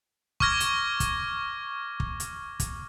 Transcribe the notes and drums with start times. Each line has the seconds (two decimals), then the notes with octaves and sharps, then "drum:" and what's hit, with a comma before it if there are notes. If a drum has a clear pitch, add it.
0.40 C#6 D6 F6 G#6 A#6, drum: kick
0.60 drum: hi-hat
1.00 drum: kick, hi-hat
2.00 drum: kick
2.20 drum: hi-hat
2.60 drum: kick, hi-hat